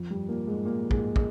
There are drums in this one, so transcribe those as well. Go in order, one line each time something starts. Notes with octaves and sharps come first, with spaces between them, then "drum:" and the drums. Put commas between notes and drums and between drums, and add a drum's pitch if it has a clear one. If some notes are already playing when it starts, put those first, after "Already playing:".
Already playing: F2 F3
G2 G3
A#2 A#3
G#2 G#3
A#2 A#3
G#2 G#3, drum: kick
G#3, drum: kick